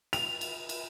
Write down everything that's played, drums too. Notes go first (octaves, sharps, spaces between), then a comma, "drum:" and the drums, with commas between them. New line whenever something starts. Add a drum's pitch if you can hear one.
F7, drum: cymbal
drum: cymbal
drum: cymbal